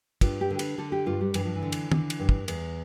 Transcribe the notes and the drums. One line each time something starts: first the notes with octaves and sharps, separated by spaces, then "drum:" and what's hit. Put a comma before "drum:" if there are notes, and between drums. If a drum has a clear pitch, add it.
G2 F4, drum: kick, cymbal
G4
D3
B4, drum: cymbal
D3 A4
G4
G2 F4
G3
G2 E3, drum: cymbal
F3
E3
D3
drum: cymbal
D3, drum: tom
drum: cymbal
G2
drum: kick
E2, drum: cymbal